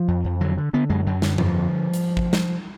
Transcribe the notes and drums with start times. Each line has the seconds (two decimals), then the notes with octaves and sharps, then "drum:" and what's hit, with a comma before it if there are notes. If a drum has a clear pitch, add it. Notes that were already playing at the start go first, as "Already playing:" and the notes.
Already playing: F3
0.08 F2
0.24 F2
0.41 D3 F#3
0.57 D3
0.73 D3 B3
0.90 F#2 G#3
1.06 F#2 F#3
1.22 D3, drum: snare
1.38 F2 F3, drum: tom G2
1.54 D3
1.94 drum: hi-hat
2.17 drum: kick
2.33 drum: snare